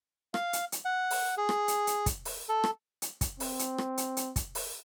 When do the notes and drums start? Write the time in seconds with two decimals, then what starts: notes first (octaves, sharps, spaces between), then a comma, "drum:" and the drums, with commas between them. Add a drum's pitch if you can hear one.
0.34 F5, drum: rim click
0.53 drum: hi-hat
0.72 drum: hi-hat
0.85 F#5
1.10 drum: open hi-hat
1.38 G#4
1.49 drum: rim click
1.68 drum: hi-hat
1.87 drum: hi-hat
2.06 drum: kick, hi-hat
2.25 drum: open hi-hat
2.49 A4
2.64 drum: rim click
3.02 drum: hi-hat
3.21 drum: kick, hi-hat
3.40 C4, drum: open hi-hat
3.59 drum: hi-hat
3.78 drum: rim click
3.98 drum: hi-hat
4.17 drum: hi-hat
4.36 drum: kick, hi-hat
4.55 drum: open hi-hat